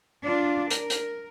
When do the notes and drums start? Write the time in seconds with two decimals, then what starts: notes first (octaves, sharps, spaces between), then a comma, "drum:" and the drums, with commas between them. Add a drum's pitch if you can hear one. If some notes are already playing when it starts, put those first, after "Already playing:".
0.22 D4 F4
0.71 A#4, drum: hi-hat
0.90 drum: hi-hat